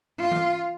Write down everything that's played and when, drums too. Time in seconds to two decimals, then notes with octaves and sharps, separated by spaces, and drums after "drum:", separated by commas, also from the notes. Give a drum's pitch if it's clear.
0.18 F4
0.31 drum: tom E3